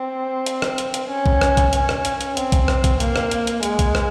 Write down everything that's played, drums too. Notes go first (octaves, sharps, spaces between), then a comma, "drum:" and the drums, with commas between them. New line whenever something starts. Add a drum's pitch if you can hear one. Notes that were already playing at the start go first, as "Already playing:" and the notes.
Already playing: C4
drum: hi-hat
drum: rim click
drum: hi-hat
drum: hi-hat
C#4
drum: kick A#1
drum: rim click
drum: kick A#1, hi-hat
C#4, drum: hi-hat
drum: rim click
drum: hi-hat
drum: hi-hat
C4, drum: hi-hat
drum: kick A#1, hi-hat
drum: rim click
drum: kick A#1, hi-hat
A#3, drum: hi-hat
drum: rim click
drum: hi-hat
drum: hi-hat
G#3, drum: hi-hat
drum: kick A#1, hi-hat
drum: rim click